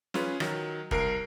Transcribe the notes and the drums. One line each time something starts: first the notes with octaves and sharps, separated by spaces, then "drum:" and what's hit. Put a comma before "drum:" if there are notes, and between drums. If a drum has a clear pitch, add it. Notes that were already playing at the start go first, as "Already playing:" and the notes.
C#4 F4 G#4 B4, drum: snare
D#3 F#3, drum: rim click
C2 A#4 C7 D7, drum: kick F1